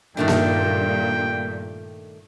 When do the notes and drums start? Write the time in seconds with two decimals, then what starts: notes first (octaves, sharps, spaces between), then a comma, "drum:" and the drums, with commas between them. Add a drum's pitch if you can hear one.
0.17 G2 A#2 D#3 A3 D4 G5
0.28 drum: snare A#3